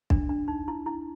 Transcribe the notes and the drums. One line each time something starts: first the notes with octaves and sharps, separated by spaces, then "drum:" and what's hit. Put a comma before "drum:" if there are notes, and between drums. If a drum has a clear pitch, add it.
D4, drum: kick
D4
D#4
E4
E4